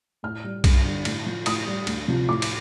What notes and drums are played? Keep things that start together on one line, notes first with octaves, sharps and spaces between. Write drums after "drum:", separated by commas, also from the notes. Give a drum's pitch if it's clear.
A2 F6
G3
G2, drum: kick B1, cymbal
D3 G3
A2, drum: cymbal
F3
A2 D#6, drum: cymbal
G3
D2, drum: cymbal
C3 F3
A2 D6
drum: cymbal